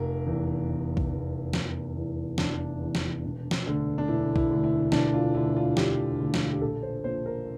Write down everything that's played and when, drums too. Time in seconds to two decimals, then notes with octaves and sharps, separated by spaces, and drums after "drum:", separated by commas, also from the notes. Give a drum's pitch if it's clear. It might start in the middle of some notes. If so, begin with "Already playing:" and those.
Already playing: F1 A#4
0.27 E2 E3
0.69 F1
0.97 drum: kick B1
1.11 E2 E3
1.53 F1, drum: snare
1.95 E2 E3
2.38 F1 D4, drum: snare
2.81 E2 E3
2.95 drum: snare
3.23 E1
3.51 drum: snare
3.66 D2 D3
3.98 D4
4.08 E1 E4
4.36 E4, drum: kick B1
4.50 D2 D3
4.64 E4
4.92 E1 D4, drum: snare
5.14 F4
5.34 D2 D3 E4
5.56 F4
5.77 E1 G4, drum: snare
6.20 D2 D3
6.34 drum: snare
6.52 G4
6.61 A#1 A4
6.83 C5
7.04 A#2 F3 C5
7.26 A#4